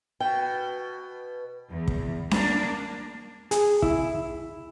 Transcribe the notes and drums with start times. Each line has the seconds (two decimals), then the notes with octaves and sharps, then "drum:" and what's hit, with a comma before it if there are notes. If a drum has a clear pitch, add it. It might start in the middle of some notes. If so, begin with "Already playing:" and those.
0.20 B2 G5
1.72 E2
1.88 drum: kick
2.31 A#3 D4, drum: snare C#4
3.51 G#4, drum: hi-hat
3.82 E4, drum: kick